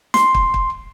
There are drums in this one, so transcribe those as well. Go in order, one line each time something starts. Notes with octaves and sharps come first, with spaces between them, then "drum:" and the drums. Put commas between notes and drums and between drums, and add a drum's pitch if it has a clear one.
C6, drum: snare
drum: kick
drum: kick